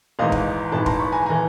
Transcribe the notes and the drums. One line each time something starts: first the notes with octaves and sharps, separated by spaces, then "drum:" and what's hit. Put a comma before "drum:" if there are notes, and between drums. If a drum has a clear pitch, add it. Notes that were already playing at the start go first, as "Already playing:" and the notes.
G#1 G#2 E3 D#5 F5
drum: kick
G#1 G#2 E3 A5 B5
A#5 C6, drum: kick
B5 C#6
G#5 A#5
E3 G#5 A#5